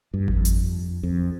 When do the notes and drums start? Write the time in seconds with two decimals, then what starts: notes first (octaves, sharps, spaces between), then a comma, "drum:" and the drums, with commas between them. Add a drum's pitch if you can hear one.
0.14 G2
0.28 F2, drum: kick G#1
0.45 drum: hi-hat
1.03 F2